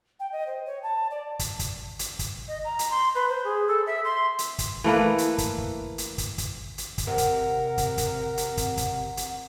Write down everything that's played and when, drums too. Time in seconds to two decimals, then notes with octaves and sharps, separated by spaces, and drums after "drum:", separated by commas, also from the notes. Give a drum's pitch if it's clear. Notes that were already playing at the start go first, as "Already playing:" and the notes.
0.20 G5
0.32 D#5
0.47 C5
0.66 C#5
0.83 A5
1.11 D5
1.39 drum: kick, hi-hat
1.59 drum: kick, hi-hat
1.99 drum: hi-hat
2.19 drum: kick, hi-hat
2.48 D#5
2.65 A#5
2.79 drum: hi-hat
2.91 C6
3.15 B4
3.29 C5
3.44 G#4
3.68 A4
3.87 E5
4.04 C6
4.39 drum: hi-hat
4.58 drum: kick, hi-hat
4.84 E3 A3 A#3 B4
5.18 drum: hi-hat
5.38 drum: kick, hi-hat
5.58 drum: kick
5.98 drum: hi-hat
6.18 drum: kick, hi-hat
6.38 drum: kick, hi-hat
6.78 drum: hi-hat
6.98 drum: kick, hi-hat
7.08 C3 A#4 F#5
7.18 drum: kick, hi-hat
7.78 drum: kick, hi-hat
7.98 drum: kick, hi-hat
8.37 drum: hi-hat
8.57 drum: kick, hi-hat
8.77 drum: kick, hi-hat
9.17 drum: hi-hat